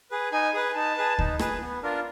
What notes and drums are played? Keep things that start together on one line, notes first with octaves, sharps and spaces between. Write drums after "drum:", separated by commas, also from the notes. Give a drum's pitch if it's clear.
G#4 B4
D#4 G#5
G#4 B4
D#4 A5
G#4 B4
D#4, drum: kick D2
G#4 B4, drum: rim click
B3
D4 F4 A#4